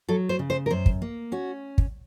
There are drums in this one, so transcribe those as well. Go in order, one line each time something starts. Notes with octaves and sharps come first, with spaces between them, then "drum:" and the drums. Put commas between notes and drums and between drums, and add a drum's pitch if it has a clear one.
F#3 A4
C5
C#3
C5
A#4
F#2 C5
drum: kick
A#3
C#4 F#4
drum: kick